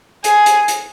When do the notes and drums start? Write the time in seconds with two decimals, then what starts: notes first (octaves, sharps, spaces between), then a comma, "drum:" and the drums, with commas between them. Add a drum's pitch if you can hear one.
0.24 G#4, drum: hi-hat
0.46 drum: hi-hat
0.68 drum: hi-hat